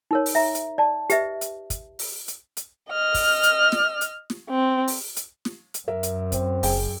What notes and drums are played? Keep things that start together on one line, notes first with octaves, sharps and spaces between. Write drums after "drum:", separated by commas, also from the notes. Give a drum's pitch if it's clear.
D#4 A#4 C#5
drum: open hi-hat
E5 A#5
drum: hi-hat
D5 A5
G4 B4 D#5 E5, drum: hi-hat
drum: hi-hat
drum: kick, hi-hat
drum: open hi-hat
drum: hi-hat
drum: hi-hat
D#5 F6
drum: kick, open hi-hat
drum: hi-hat
drum: snare
drum: hi-hat
drum: snare
C4
drum: open hi-hat
drum: hi-hat
drum: snare
drum: hi-hat
F#2 A#4 E5
drum: hi-hat
C4, drum: kick, hi-hat
F#1 G#4 G5, drum: open hi-hat